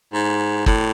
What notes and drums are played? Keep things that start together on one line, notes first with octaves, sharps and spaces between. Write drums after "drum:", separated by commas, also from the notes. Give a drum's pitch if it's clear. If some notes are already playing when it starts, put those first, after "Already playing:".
G#2
A2, drum: kick